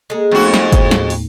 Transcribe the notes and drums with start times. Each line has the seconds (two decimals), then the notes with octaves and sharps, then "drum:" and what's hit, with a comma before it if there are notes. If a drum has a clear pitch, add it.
0.10 G#3 A#3 G#4 A4
0.31 F2 A3 B3 D#4 F#4
0.54 drum: snare
0.72 D#2 A2, drum: kick G1, hi-hat
0.91 drum: snare
1.10 drum: open hi-hat